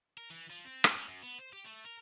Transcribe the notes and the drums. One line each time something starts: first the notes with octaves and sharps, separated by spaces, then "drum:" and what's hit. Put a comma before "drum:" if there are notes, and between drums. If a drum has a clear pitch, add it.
A#4
E3
F3
C4
G#2, drum: rim click
C#4
F#2
B3
C5
G4
A3
A#4